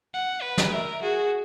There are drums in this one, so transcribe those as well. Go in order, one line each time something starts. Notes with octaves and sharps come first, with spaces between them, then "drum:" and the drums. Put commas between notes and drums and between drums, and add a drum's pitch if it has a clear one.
F#5
B4
drum: snare
A#4 E5
F#4 G#4